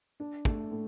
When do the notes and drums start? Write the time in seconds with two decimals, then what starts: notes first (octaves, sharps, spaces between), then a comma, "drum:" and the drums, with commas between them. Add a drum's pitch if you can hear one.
0.20 D4
0.45 A3, drum: kick
0.71 A2